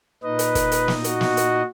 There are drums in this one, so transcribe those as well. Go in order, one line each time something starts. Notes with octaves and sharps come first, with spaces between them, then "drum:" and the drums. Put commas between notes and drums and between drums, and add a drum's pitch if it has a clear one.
A#2 D#4 B4 D#5
drum: hi-hat
drum: kick, hi-hat
drum: hi-hat
drum: snare
F#4, drum: hi-hat
drum: snare
drum: hi-hat